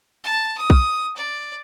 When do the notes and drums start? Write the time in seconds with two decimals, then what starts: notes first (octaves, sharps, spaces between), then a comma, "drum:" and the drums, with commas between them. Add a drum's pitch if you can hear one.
0.24 A5
0.58 D#6
0.70 drum: kick B1
1.17 D5